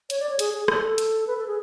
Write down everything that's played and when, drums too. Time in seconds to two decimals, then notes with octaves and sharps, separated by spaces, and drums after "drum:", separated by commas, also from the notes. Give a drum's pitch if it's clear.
0.10 C#5, drum: hi-hat
0.20 D5
0.29 C#5
0.39 G#4, drum: hi-hat
0.54 G#4
0.68 A4, drum: rim click
0.98 drum: hi-hat
1.27 B4
1.38 A4
1.48 G#4